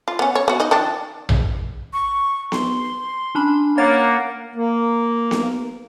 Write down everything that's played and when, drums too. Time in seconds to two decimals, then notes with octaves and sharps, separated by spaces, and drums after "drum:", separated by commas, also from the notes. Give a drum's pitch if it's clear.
0.08 F4
0.19 B3 C#4
0.35 C#5
0.48 B3 F#4
0.60 D#4 D#5
0.71 D#3 F3 D4
1.29 drum: tom A#1
1.93 C#6
2.52 C6, drum: snare B3
3.35 C#4 D4 B5
3.78 A#3 C#5 F#5 A6
4.55 A#3
5.31 drum: snare B3